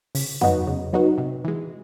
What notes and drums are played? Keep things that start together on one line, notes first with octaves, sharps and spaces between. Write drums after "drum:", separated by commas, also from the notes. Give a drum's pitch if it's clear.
C#3, drum: open hi-hat
F#3 B3 D#4 F#4, drum: tom F2
C#3
F#3 B3 D#4 F#4
C3
E3 G#3